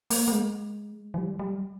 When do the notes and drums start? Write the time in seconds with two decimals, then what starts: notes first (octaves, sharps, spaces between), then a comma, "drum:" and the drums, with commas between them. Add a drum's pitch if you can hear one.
0.10 A#3, drum: open hi-hat
0.28 A#3
0.32 G#3
1.14 E3
1.18 G3
1.39 G3